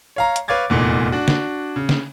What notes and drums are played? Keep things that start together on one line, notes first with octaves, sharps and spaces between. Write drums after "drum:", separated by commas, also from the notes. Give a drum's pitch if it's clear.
C#5 F5 A#5
drum: hi-hat
B4 C#5 F5 D6 G#6 A6
F1 E2 A#2 D#4
D4 F#4
drum: snare
C#3
drum: snare